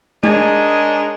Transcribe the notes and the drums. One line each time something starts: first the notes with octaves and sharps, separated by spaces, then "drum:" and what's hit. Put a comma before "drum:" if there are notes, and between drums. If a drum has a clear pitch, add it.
G#3 D4 D#4 G#4 A#4 C#5, drum: tom G#3